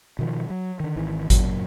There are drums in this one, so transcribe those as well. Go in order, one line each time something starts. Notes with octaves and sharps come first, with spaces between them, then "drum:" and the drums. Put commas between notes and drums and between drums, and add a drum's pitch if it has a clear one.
B2 D#3 F3
F#3
D3 D#3
G#1 D#3 E3
F#1 F#2 A#2 F#3, drum: kick G#1, hi-hat